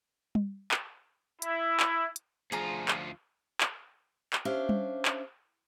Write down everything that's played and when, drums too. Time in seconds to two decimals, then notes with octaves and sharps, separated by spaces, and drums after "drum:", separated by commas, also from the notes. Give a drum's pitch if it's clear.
0.35 drum: tom G3
0.71 drum: clap
1.42 E4, drum: hi-hat
1.80 drum: clap
2.16 drum: hi-hat
2.52 D2 F3 F4 G#4 A#5
2.88 drum: clap
3.61 drum: clap
4.33 drum: clap
4.45 C#4 D4 G4 C5 E5 F5
4.69 drum: tom G3
5.05 drum: clap